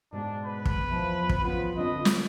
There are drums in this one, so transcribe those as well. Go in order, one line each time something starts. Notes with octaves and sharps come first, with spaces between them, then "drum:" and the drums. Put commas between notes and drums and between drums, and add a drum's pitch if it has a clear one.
G#2 B2 G#3 D4
B4
drum: kick
E2 F3 A5
drum: kick
F3 B3 C#4 F4 B4
D3 C4 D4 D#5
drum: snare